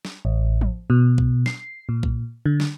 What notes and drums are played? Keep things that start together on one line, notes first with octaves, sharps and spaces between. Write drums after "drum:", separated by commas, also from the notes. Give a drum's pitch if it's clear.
drum: snare
A1
drum: tom F3
B2
drum: kick B1
C7, drum: snare
A#2
drum: kick B1
D3
drum: snare